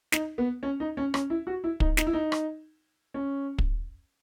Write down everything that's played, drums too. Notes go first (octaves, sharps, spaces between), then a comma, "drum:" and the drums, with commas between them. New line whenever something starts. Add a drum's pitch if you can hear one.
D#4, drum: snare
B3
C#4
D#4
C#4
C#4, drum: rim click
E4
F#4
E4
D#4, drum: kick
D#4, drum: snare
E4
D#4
drum: rim click
C#4
drum: kick